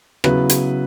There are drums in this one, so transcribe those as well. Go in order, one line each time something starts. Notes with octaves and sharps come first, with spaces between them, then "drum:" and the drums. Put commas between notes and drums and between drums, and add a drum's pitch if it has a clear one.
C#3 F#3 B3 E4 B4, drum: rim click
drum: hi-hat